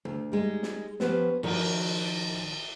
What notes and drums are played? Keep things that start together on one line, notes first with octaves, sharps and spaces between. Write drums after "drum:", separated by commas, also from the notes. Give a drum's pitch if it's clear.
D2, drum: tom
G3 G#3 D#4
drum: snare
F3 B3 C#4 G4 B4 C5, drum: snare
D#3 F3 F#4, drum: cymbal